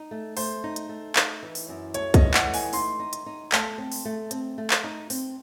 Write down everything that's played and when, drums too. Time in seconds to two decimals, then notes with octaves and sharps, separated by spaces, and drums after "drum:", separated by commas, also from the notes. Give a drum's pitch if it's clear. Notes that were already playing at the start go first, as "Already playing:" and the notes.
Already playing: D#4
0.11 A3
0.37 A3 C5, drum: open hi-hat
0.64 D#4
0.76 drum: hi-hat
0.89 A3
1.16 D#4, drum: clap
1.43 E3
1.55 drum: open hi-hat
1.69 F#2
1.94 A3 C#5, drum: hi-hat
2.14 D#5, drum: kick, hi-hat
2.21 E3
2.34 F#5, drum: clap
2.47 A3
2.54 G#5, drum: open hi-hat
2.73 D#4 C6, drum: open hi-hat
2.99 D#4
3.13 drum: hi-hat
3.26 D#4
3.52 A3 A5, drum: clap
3.78 C4
3.92 drum: open hi-hat
4.05 A3
4.31 C4, drum: hi-hat
4.58 A3
4.70 drum: clap
4.84 D#4
5.10 C4, drum: open hi-hat